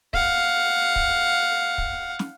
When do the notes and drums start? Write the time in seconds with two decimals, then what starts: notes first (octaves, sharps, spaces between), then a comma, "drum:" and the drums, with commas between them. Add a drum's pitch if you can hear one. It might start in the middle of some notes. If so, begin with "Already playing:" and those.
0.13 F5 F#5, drum: kick
0.96 drum: kick
1.78 drum: kick
2.19 drum: snare